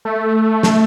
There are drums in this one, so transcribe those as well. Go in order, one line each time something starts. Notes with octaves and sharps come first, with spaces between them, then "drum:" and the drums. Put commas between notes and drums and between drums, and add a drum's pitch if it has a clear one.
A3
drum: snare